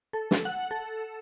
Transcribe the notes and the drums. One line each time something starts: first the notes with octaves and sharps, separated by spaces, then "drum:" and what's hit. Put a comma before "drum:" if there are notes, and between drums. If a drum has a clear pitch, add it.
A4
drum: snare
F#5
A4